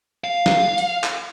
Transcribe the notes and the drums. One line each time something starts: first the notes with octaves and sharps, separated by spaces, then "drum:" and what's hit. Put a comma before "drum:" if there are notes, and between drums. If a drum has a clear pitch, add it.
F5
drum: snare
drum: hi-hat
drum: clap